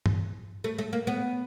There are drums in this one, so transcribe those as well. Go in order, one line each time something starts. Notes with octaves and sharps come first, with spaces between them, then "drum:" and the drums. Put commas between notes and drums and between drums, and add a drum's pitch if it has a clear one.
drum: tom G2
A3
A3
A#3
B3